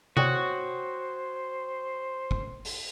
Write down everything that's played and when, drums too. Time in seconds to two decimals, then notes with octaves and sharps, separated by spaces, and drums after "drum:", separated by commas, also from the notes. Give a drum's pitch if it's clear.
0.17 F#4 C5 C#5 G5 D#6, drum: tom C3
2.31 drum: kick
2.65 drum: open hi-hat